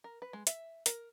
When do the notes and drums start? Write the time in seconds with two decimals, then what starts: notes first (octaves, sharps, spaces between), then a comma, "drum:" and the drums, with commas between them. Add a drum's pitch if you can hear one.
0.04 A#4
0.22 B4
0.33 G#3
0.47 E5, drum: hi-hat
0.86 A#4, drum: hi-hat